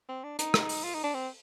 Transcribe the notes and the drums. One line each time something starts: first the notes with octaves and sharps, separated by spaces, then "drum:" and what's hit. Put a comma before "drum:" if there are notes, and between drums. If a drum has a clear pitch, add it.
C4
D4
D#4, drum: hi-hat
drum: rim click
drum: open hi-hat
F4
D#4
D4
C4